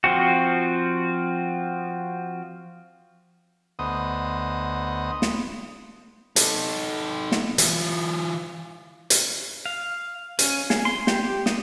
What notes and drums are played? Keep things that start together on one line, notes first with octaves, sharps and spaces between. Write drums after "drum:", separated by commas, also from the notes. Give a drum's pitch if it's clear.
F3 C4 F#4
D2 B3 C5 D#5 D#6
drum: snare
D#4 A4, drum: hi-hat
drum: snare
E3 F4, drum: hi-hat
drum: hi-hat
F5
C#4, drum: hi-hat
G#4, drum: snare
C6
G4, drum: snare
G4
D#6, drum: snare